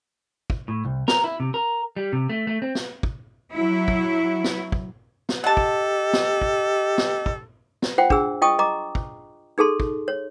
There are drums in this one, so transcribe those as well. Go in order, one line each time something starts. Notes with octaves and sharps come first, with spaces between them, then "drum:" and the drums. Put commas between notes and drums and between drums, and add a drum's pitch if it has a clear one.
drum: kick
A2
C2
A#4, drum: snare
E4
C3
A#4
G3
C3
A3
A3
C4
drum: snare
drum: kick
F#3 E4
drum: kick
drum: snare
drum: kick
drum: snare
G4 A4 D#5 F#5 A5
drum: kick
drum: snare
drum: kick
drum: snare
drum: kick
drum: snare
F4 C5 F#5 G5
D4 G#4 E6, drum: kick
F4 D#5 G5 A5 C#6 D#6
D#5 A#5 D6
drum: kick
D#4 G#4 A4 A5 C6
drum: kick
C#5